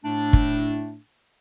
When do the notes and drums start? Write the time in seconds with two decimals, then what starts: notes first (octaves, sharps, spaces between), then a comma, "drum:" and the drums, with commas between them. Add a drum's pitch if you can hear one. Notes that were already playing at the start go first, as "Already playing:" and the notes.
0.05 A2 A3 D4
0.33 drum: kick